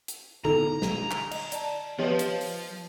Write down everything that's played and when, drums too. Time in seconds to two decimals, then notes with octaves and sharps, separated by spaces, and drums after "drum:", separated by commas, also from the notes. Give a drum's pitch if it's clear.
0.08 drum: hi-hat
0.45 D3 B3 D#4 E4 A4 A#5, drum: tom D3
0.82 drum: snare
1.11 drum: clap
1.31 D#5, drum: cymbal
1.52 D5 A5, drum: hi-hat
1.99 F3 B3 G4 B4 C#5 D#5
2.19 drum: hi-hat
2.41 drum: open hi-hat